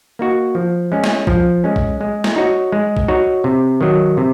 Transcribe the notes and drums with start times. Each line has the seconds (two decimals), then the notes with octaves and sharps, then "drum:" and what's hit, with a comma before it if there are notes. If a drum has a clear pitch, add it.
0.19 A#3 D#4 F#4
0.55 F3
0.92 G#3 C#4
1.04 drum: snare
1.27 F3, drum: kick
1.64 G#3 C#4
1.76 drum: kick
2.01 G#3
2.24 drum: snare
2.36 D#4 F#4 C#5
2.72 G#3
2.97 drum: kick
3.08 D#4 F#4 C#5
3.44 C3
3.81 D#3 F#3
4.17 C3